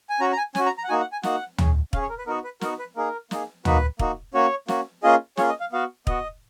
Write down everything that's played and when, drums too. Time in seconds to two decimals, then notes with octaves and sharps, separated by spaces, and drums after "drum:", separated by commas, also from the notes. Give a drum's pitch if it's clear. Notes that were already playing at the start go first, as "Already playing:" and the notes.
0.09 G#5
0.20 C#4 F#4 A#5
0.33 A#5
0.37 G#5
0.55 C#4 F#4 G#5, drum: snare
0.66 A#5
0.78 A#5
0.84 F#5
0.89 A#3 D#4 F#4 G#5
1.01 F#5
1.12 G#5
1.23 A#3 D#4 F#4 F#5, drum: snare
1.58 C#4 G#4, drum: tom
1.93 C#4 G#4 F5, drum: kick
2.02 C#5
2.09 A#4
2.18 B4
2.27 B3 D#4 F#4 A#4
2.44 B4
2.61 B3 D#4 F#4 A#4, drum: snare
2.79 B4
2.96 A#3 D#4 G#4 A#4
3.31 A#3 D#4 G#4, drum: snare
3.65 A#3 D#4 F#4 B4, drum: tom
3.99 A#3 D#4 F#4, drum: kick
4.34 A#3 C#4 F#4 C#5
4.68 A#3 C#4 F#4, drum: snare
5.03 A#3 C#4 F4 G#4 D#5
5.37 A#3 C#4 F4 G#4 C#5, drum: snare
5.49 D#5
5.60 F5
5.72 B3 F#4 F5
6.07 B3 F#4 D#5, drum: kick